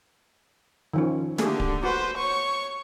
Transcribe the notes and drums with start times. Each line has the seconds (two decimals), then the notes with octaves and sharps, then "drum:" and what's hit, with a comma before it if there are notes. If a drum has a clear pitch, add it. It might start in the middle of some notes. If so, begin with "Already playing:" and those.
0.93 D#3 F3 C#4
1.38 D3 A3 A#3 G4 G#4, drum: snare
1.60 drum: kick D1
1.84 F#4 B4 C5
2.17 C#5 C#6